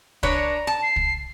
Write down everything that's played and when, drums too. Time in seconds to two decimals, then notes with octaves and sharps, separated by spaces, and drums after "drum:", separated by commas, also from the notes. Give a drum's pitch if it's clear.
0.23 D4 B4 C#5 A#5, drum: kick
0.67 A5
0.82 C7
0.96 drum: kick